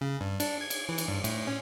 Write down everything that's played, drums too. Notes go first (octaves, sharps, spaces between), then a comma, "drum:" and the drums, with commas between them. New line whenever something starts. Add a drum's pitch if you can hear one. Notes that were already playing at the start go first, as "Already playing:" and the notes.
C#3
G2
D4, drum: cymbal
G#6
drum: cymbal
E3
drum: cymbal
G2
A2, drum: cymbal
C#4